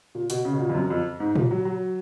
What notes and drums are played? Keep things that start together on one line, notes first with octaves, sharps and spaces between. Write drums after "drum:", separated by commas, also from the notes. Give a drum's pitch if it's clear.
A#2
B2, drum: hi-hat
C#3
B2
A#2
F2
F#2
F2
G#2
F3, drum: tom A#2
F#3
F#3